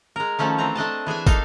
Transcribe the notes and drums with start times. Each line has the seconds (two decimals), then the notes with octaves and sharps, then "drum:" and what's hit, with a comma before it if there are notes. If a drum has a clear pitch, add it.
0.16 G#3 A#4
0.39 D#3 F3 A3 C#4
0.58 E3 A3 C4 A#5
0.75 A3 D4 D#5 A5
1.06 E3 G#4 E5 G#5
1.27 A#3 D#4 A4 F5, drum: kick, tambourine